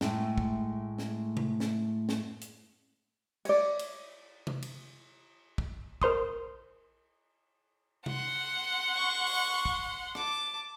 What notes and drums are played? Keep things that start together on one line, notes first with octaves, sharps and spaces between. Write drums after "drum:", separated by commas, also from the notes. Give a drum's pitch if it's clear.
A2 G#3 A3, drum: snare
drum: kick
drum: snare
drum: tom
drum: snare
drum: snare
drum: hi-hat
C#5 D5, drum: cymbal
drum: cymbal
drum: tom
drum: cymbal
drum: kick
A#4 C5 C6 D#6, drum: kick
F#5 C6, drum: tom
C#6
drum: open hi-hat
drum: kick
A5 D6, drum: rim click